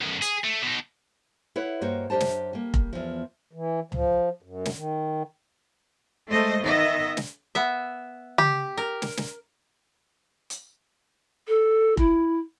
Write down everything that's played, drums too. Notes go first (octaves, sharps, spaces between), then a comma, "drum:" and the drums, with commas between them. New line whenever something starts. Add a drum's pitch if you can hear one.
B1 F#2
G#4, drum: hi-hat
A3
B2 D#4
E4 B4 C#5 F#5
G2 A#3 F#4 C5 C#5
F#2 D4 G4 C5 A5
drum: snare
G3 A#3
drum: kick F1
E2 F3
E3
F3, drum: tom C#2
F#2
drum: snare
D#3
G#3 A3 C5 D#5
D#3 B3 D#5 E5
drum: snare
B3 E5
G4, drum: tom C#3
A#4
drum: snare
drum: snare
drum: hi-hat
A4
E4, drum: kick F1